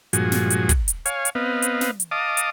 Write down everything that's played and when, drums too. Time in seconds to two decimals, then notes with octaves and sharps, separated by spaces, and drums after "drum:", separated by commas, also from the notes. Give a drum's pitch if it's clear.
0.13 G2 A#2 F3 G#3 F#4 G#5, drum: hi-hat
0.32 drum: snare
0.50 drum: hi-hat
0.69 drum: kick, hi-hat
0.88 drum: hi-hat
1.06 C#5 F5 G#5, drum: hi-hat
1.25 drum: hi-hat
1.35 B3 C4 B4 D#5 F5
1.62 drum: hi-hat
1.81 drum: snare
2.00 drum: hi-hat
2.11 D#5 F5 A5 D6 D#6
2.37 drum: hi-hat